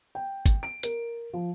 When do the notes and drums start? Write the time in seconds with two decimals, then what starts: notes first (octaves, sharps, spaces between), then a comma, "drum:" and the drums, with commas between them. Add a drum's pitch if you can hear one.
0.15 G5
0.46 drum: kick G1, hi-hat
0.63 D7
0.83 A#4, drum: hi-hat
1.33 F3